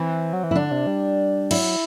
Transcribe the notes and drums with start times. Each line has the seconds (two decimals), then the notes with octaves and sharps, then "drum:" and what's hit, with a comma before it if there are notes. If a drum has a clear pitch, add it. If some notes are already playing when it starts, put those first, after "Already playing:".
Already playing: E3 C4
0.33 F#3
0.43 E3
0.51 E4
0.56 D3 D4
0.71 C3
0.87 G3
1.51 F#3 E4, drum: cymbal